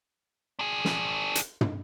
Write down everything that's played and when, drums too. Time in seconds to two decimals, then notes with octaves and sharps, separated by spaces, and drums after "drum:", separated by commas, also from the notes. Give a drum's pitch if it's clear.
0.59 D4 G#4
0.85 drum: snare
1.35 drum: hi-hat
1.61 drum: tom